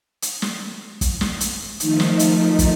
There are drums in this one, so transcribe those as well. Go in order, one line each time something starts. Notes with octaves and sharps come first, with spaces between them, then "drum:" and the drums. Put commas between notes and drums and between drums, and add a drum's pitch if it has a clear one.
drum: hi-hat
drum: snare
drum: kick, hi-hat
drum: snare
drum: hi-hat
D#3 F3 A3 D#4, drum: hi-hat
drum: snare
drum: hi-hat
drum: kick, hi-hat